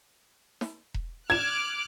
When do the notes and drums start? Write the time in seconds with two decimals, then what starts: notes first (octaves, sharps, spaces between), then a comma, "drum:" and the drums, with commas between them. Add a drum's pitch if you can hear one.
0.61 drum: snare
0.94 drum: kick E1
1.30 D6 F6 F#6 G#6 E7